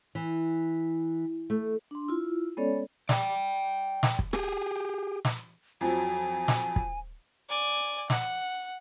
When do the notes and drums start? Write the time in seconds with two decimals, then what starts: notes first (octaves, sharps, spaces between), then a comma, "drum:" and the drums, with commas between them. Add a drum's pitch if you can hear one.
0.15 E3
1.50 A3
1.91 D4 C6
2.09 E4 F4
2.57 G#3 B3 C#4 A4 C#5 D5
3.09 D5 G5, drum: snare
4.03 drum: snare
4.19 drum: kick
4.33 G4 G#4, drum: rim click
5.25 drum: snare
5.81 F2 F3 F#3 G#5
6.48 drum: snare
6.76 drum: kick
7.49 D5 G#5
8.10 F#5, drum: snare